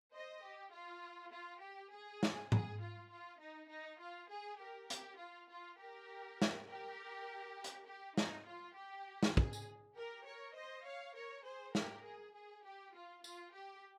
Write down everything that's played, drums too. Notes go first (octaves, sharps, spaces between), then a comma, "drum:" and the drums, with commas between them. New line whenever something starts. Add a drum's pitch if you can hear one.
C5 D#5
G4
F4
F4
G4
G#4
drum: snare
G#4, drum: tom G#2
F4
F4
D#4
D#4
F4
G#4
G4 A#4
G4, drum: hi-hat
F4
F4
G4 A#4
drum: snare
G4 A#4
drum: hi-hat
G4
D#4, drum: snare
F4
G4
drum: snare
G#4, drum: kick
drum: tambourine
G4 A#4
A#4 C#5
C5 D#5
C#5 F5
A#4 C#5
G#4 C5
G4 A#4, drum: snare
G#4
G#4
G4
F4
F4, drum: tambourine
G4